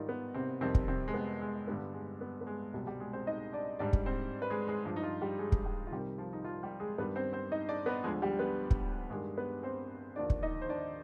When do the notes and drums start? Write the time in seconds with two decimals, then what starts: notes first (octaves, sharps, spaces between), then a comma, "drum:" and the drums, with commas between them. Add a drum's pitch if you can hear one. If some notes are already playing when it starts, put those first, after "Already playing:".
Already playing: G#2 D#3 G3 D#4 F4 D5
0.09 B3
0.34 C3 C4
0.61 F2 C3 D#3 G3 C4
0.75 drum: kick
0.88 C3 C4
1.08 G#3
1.14 B3
1.41 G#3
1.67 G2 D3 G3 B3
1.93 G#3
2.21 B3
2.41 B3
2.47 G#3
2.73 C2 B2 G3
2.87 G3 G4
3.00 G#3 G#4
3.13 C4 C5
3.27 D#4 D#5
3.53 D4 D5
3.79 G#2 G3 D4 D5
3.93 drum: kick
4.06 C4 C5
4.42 B4
4.50 G#3 G#4
4.68 G#3 G#4
4.85 G2 F3
4.96 D#4
5.03 F3 F4
5.21 G3 G4
5.38 G#3 G#4
5.52 drum: kick
5.65 G3 G4
5.87 F4
5.92 C2 C3 D#3 G3 G4
6.18 F3 F4
6.33 D#4
6.44 F3 F4
6.63 G3 G4
6.80 G#3 G#4
6.98 G2 D#3 G3 B3 B4
7.16 C4 C5
7.33 C4 C5
7.52 D#4 D#5
7.69 D4 D5
7.86 B3 B4
8.04 D2 D3 F3 G#3 G#4
8.22 G3 G4
8.39 B3 B4
8.71 drum: kick
9.10 G2 D#3 G3 G#3 G#4
9.37 B3 B4
9.63 C4 C5
10.16 D#2 D3 F3 D4 D5
10.30 drum: kick
10.42 D#4 D#5
10.62 C5
10.69 D4 D5